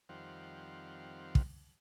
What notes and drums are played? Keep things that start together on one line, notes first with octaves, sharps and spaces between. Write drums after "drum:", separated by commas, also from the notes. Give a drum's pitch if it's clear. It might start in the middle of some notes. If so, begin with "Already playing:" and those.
F2 D#3 G3 C4 F5 F#5
drum: kick